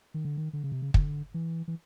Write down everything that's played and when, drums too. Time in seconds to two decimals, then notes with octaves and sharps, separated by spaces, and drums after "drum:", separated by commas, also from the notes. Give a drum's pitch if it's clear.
0.14 D#3
0.25 D3
0.37 D#3
0.53 D3
0.64 C#3
0.72 C3
0.82 C#3
0.94 D3, drum: kick
1.34 E3
1.68 E3